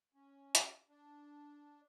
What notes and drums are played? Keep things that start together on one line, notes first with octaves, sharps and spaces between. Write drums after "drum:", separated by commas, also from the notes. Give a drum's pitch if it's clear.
C#4
drum: hi-hat
D4